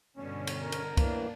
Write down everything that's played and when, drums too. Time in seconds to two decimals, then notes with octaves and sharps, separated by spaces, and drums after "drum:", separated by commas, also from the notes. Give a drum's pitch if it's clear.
0.17 G2 B2 D3 C#4
0.47 drum: cymbal
0.63 A#4
0.72 drum: cymbal
0.97 A2 E3 A#3 D4, drum: kick, cymbal